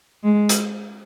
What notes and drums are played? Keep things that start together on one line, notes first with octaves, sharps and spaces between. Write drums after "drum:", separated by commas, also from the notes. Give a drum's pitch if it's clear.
G#3
drum: hi-hat